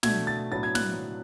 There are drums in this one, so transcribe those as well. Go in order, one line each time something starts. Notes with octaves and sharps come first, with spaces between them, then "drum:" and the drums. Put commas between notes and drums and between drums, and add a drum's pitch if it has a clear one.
B2 A3 D4 G#6, drum: snare
A6
A2 F#3 B3 D4 A6
G#6
F#6, drum: snare